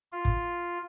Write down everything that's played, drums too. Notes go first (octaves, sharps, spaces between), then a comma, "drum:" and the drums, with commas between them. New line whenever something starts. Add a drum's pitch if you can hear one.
F4
drum: kick